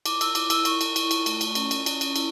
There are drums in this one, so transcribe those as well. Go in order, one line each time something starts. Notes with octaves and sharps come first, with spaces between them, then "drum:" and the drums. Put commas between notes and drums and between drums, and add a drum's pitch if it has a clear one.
E4 D6, drum: cymbal
E6, drum: cymbal
E4 D6, drum: cymbal
E6, drum: cymbal
E4 C#6, drum: cymbal
drum: cymbal
E4, drum: cymbal
drum: cymbal
A3, drum: cymbal
drum: cymbal
C#4, drum: cymbal
drum: cymbal
C#4, drum: cymbal
drum: cymbal
E4, drum: cymbal